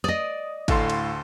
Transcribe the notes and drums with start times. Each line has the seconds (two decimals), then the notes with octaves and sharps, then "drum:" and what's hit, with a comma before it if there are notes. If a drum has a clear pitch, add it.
0.04 D5 D#5 D#6
0.68 D2 A2 A4 F5 C6, drum: kick, cymbal
0.90 drum: cymbal